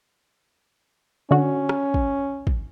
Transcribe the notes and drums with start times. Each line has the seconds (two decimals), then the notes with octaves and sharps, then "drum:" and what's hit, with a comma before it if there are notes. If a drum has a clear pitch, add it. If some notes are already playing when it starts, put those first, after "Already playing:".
1.31 D3 C#4 F#4
1.69 drum: rim click
1.94 drum: kick
2.47 drum: kick